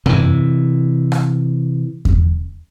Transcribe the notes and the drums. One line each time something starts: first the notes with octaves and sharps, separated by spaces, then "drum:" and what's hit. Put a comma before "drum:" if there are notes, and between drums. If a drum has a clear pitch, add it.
C3 E3, drum: tom F#2
drum: rim click
drum: kick E2